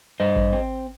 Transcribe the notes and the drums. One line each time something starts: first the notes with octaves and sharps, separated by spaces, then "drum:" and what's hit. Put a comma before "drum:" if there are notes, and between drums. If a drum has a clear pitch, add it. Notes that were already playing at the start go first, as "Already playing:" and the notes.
G2 C5 D#5
drum: kick A1
C4